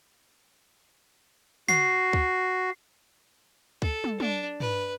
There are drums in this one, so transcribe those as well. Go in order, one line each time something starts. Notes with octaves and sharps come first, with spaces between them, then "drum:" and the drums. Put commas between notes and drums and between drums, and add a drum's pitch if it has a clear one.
F#4 C7, drum: tom
drum: kick C#2
A4, drum: kick C#2
drum: tom
D4, drum: tom
B4, drum: tom